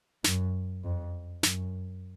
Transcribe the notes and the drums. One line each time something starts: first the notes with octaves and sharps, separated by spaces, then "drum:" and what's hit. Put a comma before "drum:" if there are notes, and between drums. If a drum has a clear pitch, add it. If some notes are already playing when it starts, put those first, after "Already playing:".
F#2, drum: snare
F2
F#2, drum: snare